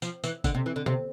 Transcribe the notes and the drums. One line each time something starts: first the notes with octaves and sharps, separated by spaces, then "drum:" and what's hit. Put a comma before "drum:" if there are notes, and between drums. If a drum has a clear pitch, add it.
F3, drum: tambourine
E3, drum: tambourine
D3, drum: kick G#1, tambourine
C3
E3
D3
C3, drum: tom D3